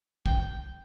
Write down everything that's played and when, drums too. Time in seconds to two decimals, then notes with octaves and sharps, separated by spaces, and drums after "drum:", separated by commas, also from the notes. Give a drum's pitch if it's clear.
0.26 G5, drum: kick